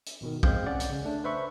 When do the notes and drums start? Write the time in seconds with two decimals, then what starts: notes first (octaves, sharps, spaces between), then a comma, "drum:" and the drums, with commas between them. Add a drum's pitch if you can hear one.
0.06 drum: hi-hat
0.21 G#1 B2 D#3
0.43 G#3 C4 F5 G6, drum: kick
0.66 C#4 D5 F#5
0.80 drum: hi-hat
0.90 C#3
1.05 A3 D4
1.24 B4 C5 E5 B5 C#6